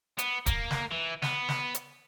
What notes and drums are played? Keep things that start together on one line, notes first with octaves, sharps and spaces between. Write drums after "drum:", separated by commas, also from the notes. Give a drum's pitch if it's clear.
B3, drum: hi-hat
A#3, drum: kick D1, hi-hat
drum: snare
E3
B3, drum: snare
drum: snare
drum: hi-hat